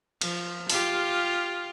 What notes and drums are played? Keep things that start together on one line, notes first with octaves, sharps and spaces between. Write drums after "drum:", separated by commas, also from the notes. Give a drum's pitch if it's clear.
F3, drum: cymbal
F4 G4, drum: open hi-hat